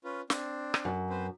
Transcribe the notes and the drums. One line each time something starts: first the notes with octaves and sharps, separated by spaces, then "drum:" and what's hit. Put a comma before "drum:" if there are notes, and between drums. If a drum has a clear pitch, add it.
C#4 F4 B4
C4 D4, drum: snare
drum: rim click
F#2
C4 B4 C5